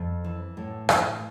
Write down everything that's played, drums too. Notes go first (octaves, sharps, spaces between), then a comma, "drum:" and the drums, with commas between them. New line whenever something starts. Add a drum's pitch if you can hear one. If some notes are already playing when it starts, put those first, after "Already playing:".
Already playing: F2
E3
A2
A2, drum: rim click